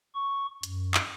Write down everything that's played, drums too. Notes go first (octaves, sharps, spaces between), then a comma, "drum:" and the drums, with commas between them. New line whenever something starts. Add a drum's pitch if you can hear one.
C#6
F#2, drum: hi-hat
drum: clap